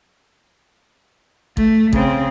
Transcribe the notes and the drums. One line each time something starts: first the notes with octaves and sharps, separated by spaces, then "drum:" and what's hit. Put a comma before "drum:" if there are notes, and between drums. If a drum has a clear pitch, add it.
A3, drum: kick A1
C#3 C4, drum: kick A1